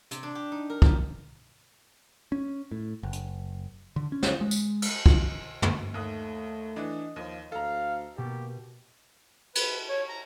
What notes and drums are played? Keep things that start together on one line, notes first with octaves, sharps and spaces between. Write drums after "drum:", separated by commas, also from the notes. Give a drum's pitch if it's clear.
C3, drum: hi-hat
D4
G4
D#4
A#4
G4, drum: kick
C#4
A2
F#1
drum: hi-hat
D3
C#4
drum: snare
G#3
drum: tambourine
drum: cymbal
drum: kick
drum: tom
D#2 A3 D#6 F#6
E3 D4 D#5
D#2 F3
D2 A4 F5 A#5
B2 A#3 G4
B4, drum: cymbal
C#5
A#5